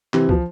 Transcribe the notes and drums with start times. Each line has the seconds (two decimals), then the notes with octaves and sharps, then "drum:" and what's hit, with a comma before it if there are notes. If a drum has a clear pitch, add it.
0.14 C3 E3, drum: clap
0.29 B2 F3, drum: kick